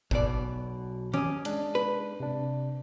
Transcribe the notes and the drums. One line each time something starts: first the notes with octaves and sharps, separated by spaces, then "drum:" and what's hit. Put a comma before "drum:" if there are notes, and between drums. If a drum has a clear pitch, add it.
B1 B2 D5, drum: kick
C#4 D6 D#6, drum: tom D#3
G#3 D4, drum: cymbal
B4
C3 D4